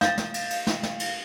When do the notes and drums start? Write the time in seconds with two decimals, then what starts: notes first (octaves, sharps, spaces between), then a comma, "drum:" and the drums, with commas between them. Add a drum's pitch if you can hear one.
0.01 F5 G6 A6, drum: snare
0.18 drum: snare
0.34 drum: cymbal
0.50 drum: cymbal
0.67 drum: snare
0.83 drum: snare
0.99 drum: cymbal